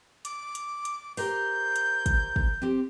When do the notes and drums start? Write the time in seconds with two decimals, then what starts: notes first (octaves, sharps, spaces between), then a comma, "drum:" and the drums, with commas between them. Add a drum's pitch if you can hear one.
0.25 D6, drum: hi-hat
0.55 drum: hi-hat
0.85 drum: hi-hat
1.17 G4 A#4 C5 G6, drum: open hi-hat
1.76 drum: hi-hat
2.06 drum: kick, hi-hat
2.36 drum: kick
2.62 C4 G4